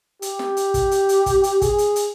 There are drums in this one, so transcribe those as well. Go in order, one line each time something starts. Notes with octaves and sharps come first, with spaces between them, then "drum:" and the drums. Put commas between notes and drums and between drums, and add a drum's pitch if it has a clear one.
G4, drum: hi-hat
drum: snare
drum: hi-hat
drum: kick, hi-hat
drum: hi-hat
drum: hi-hat
drum: kick, hi-hat
drum: hi-hat
G#4, drum: kick, hi-hat
drum: hi-hat
drum: hi-hat